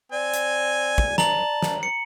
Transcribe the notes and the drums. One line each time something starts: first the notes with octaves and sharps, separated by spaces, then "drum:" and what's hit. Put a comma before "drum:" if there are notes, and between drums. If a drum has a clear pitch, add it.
C4 D5 G#5
drum: hi-hat
drum: kick
A5 A#5 F#7, drum: snare
drum: snare
C#7